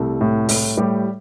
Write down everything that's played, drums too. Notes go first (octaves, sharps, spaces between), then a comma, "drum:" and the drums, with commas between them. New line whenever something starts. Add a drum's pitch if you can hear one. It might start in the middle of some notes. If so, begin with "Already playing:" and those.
Already playing: C2 G3 A3
A2
A2, drum: open hi-hat
A2 G3 G4